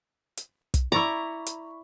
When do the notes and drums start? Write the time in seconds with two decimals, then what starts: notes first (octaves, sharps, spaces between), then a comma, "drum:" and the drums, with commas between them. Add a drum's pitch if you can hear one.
0.37 drum: hi-hat
0.74 drum: kick, hi-hat
0.92 E4 D5 A#5 B5 C#6
1.46 drum: hi-hat